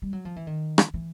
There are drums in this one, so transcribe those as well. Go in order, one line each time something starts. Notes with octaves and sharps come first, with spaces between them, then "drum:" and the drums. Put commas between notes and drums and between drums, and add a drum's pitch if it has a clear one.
G3
F#3
F3
E3
D#3
drum: rim click
E3